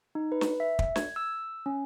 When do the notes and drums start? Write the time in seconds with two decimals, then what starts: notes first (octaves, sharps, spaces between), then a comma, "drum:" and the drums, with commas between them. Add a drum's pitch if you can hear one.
0.15 D#4
0.32 B4
0.41 drum: snare
0.60 E5
0.79 drum: kick
0.96 G#6, drum: snare
1.16 E6
1.66 C#4